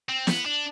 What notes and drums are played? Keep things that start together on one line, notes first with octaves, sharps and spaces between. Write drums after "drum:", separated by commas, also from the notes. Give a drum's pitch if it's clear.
C4
B3, drum: snare
D4